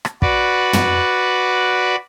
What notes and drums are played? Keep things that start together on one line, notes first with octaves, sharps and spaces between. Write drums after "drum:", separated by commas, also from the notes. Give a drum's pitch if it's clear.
drum: rim click
F#4 B4 D5, drum: kick
drum: tom